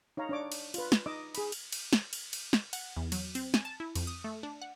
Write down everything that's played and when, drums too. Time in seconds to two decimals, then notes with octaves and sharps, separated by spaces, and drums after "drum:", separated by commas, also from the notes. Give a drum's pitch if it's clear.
0.17 D#4 C#5 F5 A#5
0.29 D4 C#5 D6
0.52 drum: cymbal
0.74 F4 B4, drum: cymbal
0.92 drum: snare
1.06 D#4 D#5 D6 E6
1.35 G#4 B5, drum: cymbal
1.52 drum: cymbal
1.72 drum: cymbal
1.93 drum: snare
2.13 drum: cymbal
2.33 drum: cymbal
2.53 drum: snare
2.73 F#5, drum: cymbal
2.97 E2
3.12 F#3, drum: cymbal
3.35 C4, drum: cymbal
3.54 G#5, drum: snare
3.65 A5
3.80 E4
3.95 F2, drum: cymbal
4.07 D#6
4.24 A3
4.43 D4
4.62 F#5